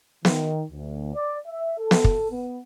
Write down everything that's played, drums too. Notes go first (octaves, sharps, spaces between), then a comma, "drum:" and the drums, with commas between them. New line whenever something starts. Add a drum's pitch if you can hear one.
D#3, drum: snare
D2
D5
E5
A4
drum: snare
drum: kick
B3